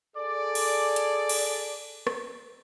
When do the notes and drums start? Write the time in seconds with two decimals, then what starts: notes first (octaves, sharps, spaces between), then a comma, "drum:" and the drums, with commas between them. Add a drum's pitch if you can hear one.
0.16 G#4 A4 D5
0.55 drum: cymbal
0.96 drum: hi-hat
1.29 drum: cymbal
2.07 drum: rim click